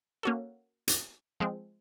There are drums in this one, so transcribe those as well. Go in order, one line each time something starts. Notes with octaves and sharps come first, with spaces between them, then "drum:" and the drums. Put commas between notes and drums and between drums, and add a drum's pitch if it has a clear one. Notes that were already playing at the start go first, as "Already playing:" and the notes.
A#3 C#4 F#4 A4
drum: hi-hat
F3 G#3 C4